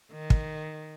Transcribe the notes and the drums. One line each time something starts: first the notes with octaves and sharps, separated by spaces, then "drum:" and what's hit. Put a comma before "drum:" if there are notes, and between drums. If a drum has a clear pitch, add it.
D#3
drum: kick